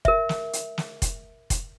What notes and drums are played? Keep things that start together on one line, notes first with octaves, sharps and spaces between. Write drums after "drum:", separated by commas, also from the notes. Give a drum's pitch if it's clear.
A#4 E5, drum: kick F1
drum: snare
drum: hi-hat
drum: snare
drum: kick F1, hi-hat
drum: kick F1, hi-hat